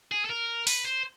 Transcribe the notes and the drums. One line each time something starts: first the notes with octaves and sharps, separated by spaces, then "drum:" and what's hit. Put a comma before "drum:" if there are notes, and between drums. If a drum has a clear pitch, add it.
G#4
A4
A#4
B4, drum: open hi-hat
C5